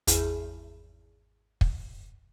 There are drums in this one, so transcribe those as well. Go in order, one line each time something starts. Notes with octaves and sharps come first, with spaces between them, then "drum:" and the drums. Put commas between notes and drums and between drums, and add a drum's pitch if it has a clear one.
G#1 E2 E4 G#4, drum: hi-hat
drum: kick